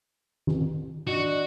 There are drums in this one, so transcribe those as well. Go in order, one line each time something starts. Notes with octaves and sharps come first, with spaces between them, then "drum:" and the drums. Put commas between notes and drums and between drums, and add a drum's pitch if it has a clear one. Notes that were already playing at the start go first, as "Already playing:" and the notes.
drum: tom D#3
D4 F#4 D5 D#5